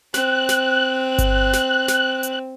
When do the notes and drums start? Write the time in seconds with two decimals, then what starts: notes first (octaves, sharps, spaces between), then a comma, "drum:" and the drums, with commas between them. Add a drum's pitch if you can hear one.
0.14 C4 F#6, drum: snare
0.49 drum: snare
1.18 drum: kick G1, hi-hat
1.53 drum: snare
1.88 drum: snare
2.23 drum: hi-hat